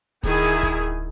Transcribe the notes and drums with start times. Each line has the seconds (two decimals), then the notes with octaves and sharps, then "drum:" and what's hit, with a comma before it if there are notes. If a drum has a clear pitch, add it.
0.23 D#3 E4 G#4 G#5, drum: kick D1, hi-hat
0.63 drum: kick D1, hi-hat